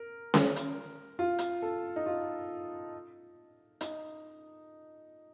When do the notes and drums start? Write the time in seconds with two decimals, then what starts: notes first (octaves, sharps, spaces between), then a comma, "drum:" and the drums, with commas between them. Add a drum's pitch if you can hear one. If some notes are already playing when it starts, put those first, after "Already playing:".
Already playing: A#4
0.34 drum: snare C#4
0.56 drum: hi-hat
1.19 F4
1.39 drum: hi-hat
1.62 A4
1.96 D#4
2.06 F4
3.81 D#4, drum: hi-hat